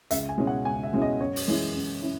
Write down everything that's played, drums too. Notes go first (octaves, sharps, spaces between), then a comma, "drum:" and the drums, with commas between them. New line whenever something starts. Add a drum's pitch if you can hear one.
C#2 E5, drum: hi-hat
G#5
B2 G#3 C#4 E4
F#5
C#2 G#5
E5
B2 G#3 C#4 E4
D#5
F#2 C#5
drum: open hi-hat
E3 G#3 C#4 E4
F#2
C#4 E4